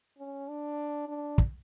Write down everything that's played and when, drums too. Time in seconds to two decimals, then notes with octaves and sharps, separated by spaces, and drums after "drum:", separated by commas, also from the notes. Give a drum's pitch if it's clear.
0.19 C#4
0.49 D4
1.08 D4
1.38 drum: kick